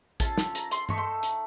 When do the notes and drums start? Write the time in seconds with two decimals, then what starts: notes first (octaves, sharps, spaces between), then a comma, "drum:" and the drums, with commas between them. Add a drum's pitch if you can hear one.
0.20 C#4 F4 A4 A5, drum: kick A1, hi-hat
0.38 drum: snare
0.55 A#5, drum: hi-hat
0.71 C6, drum: hi-hat
0.89 A3 D#4 A4 C#6, drum: tom G2
0.98 C6
1.23 drum: hi-hat